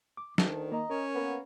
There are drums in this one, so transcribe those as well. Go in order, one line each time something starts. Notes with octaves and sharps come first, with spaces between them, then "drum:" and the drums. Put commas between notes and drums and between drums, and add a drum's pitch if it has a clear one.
D6
D2 D#3 A5, drum: snare
A#3 D#5 A#5
C#4 A#4
A#3 B3